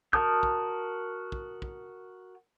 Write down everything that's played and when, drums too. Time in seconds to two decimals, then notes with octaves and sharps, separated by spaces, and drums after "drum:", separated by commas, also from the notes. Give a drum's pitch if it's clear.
0.13 F#4 A#4 A5 D#6 G6, drum: kick
0.43 drum: kick
1.32 drum: kick
1.62 drum: kick